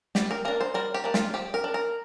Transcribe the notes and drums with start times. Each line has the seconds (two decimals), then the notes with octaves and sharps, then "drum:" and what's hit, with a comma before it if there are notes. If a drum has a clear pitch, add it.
0.15 G3 G4, drum: snare
0.31 A#4
0.45 A#3 D4 A#4
0.61 C5
0.74 G3 A#4
0.94 G4
1.04 A#3 D4
1.14 F4, drum: snare
1.34 F3 G4
1.54 A#4
1.64 D4
1.74 A#4